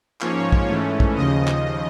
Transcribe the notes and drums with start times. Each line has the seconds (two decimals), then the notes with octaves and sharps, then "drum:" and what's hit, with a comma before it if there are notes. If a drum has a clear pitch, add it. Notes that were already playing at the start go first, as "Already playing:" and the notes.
0.21 G#2 F3 A#3 C#4 C#5, drum: clap
0.52 drum: kick A#1
0.68 G#2 E3 A3 C#4
1.00 drum: kick A#1
1.16 D#2 C#3 F3 D#5
1.48 drum: clap